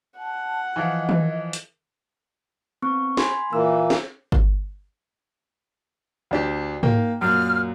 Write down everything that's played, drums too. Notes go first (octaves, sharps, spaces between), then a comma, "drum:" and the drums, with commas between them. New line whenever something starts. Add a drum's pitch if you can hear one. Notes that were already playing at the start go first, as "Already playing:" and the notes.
F#5 A5
E3 F3 D#5
drum: tom D#3
drum: hi-hat
B3 C4 C#6
G#5 B5 C6, drum: snare
A#2 E3 A#3 E6
drum: snare
drum: kick G1
D2 D4 G4
A#3 G5, drum: tom G#2
F#2 A#2 F6